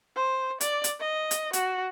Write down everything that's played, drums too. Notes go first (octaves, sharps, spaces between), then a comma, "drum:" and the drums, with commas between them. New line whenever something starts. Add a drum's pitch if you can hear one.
C5
D5, drum: hi-hat
drum: hi-hat
D#5
drum: hi-hat
F#4, drum: hi-hat